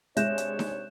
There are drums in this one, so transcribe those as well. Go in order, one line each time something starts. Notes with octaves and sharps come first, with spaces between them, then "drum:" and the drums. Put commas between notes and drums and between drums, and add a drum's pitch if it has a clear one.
C3 G#3 D4 C#5 E5 F#6 G6 E7, drum: hi-hat
drum: hi-hat
drum: snare D#4